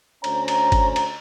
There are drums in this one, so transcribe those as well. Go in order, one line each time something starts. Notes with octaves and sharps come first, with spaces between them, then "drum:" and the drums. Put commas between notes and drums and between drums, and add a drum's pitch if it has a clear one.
D2 C#4 C5 A#5, drum: cymbal
drum: cymbal
drum: kick G1, cymbal
drum: cymbal